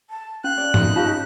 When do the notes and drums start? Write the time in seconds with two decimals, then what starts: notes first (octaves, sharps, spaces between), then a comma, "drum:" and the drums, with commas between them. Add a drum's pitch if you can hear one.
0.10 A5
0.44 C#4 F5 F#6
0.58 D5
0.74 D#4, drum: tom
0.96 C#4 F4 G4 F5 A5 A#5